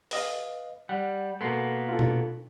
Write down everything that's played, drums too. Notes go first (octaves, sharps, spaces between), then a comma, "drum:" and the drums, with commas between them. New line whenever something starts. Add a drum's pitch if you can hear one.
B4 D#5 F5, drum: open hi-hat
G3 F#5
B2 A#3 B3 A4 C6
F4 A4
drum: tom B2